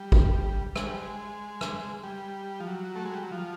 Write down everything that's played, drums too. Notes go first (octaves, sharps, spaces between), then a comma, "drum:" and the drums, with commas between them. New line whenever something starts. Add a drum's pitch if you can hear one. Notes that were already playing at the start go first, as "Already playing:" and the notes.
Already playing: G3
drum: kick G#1
G#3, drum: rim click
G3
G#3
drum: rim click
G3
F3
F#3
A3
G#3
G3
F#3
F3